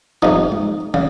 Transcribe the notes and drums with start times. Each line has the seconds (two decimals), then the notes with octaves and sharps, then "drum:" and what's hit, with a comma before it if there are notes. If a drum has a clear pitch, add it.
0.22 F2 C3 F3 D#4
0.52 drum: tom G#3
0.94 C#3, drum: tom